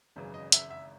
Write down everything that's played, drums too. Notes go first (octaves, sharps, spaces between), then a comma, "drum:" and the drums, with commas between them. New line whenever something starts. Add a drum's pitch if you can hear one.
G#1 F#2 C#3 E3
D#5
E5, drum: hi-hat
E5